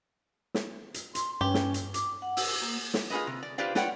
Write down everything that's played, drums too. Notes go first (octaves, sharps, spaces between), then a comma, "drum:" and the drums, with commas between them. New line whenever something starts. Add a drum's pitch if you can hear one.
drum: snare
drum: hi-hat
C6, drum: hi-hat
G2 G3 C#4 G4 B4
drum: snare
drum: hi-hat
D6, drum: hi-hat
F#5
E6, drum: open hi-hat
A#3
drum: snare
F4 G#4 A4 B4 D#5
C3
D5
F4 G4 B4 C5 D5 F5
F4 B4 C#5 D5 F#5 G5, drum: snare